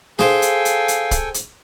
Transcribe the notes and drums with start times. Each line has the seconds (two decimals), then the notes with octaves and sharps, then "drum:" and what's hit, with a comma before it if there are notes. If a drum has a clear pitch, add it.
0.19 G#4 A4 C5 F5 G5 G#5, drum: snare
0.42 drum: hi-hat
0.65 drum: hi-hat
0.88 drum: hi-hat
1.11 drum: kick, hi-hat
1.34 drum: hi-hat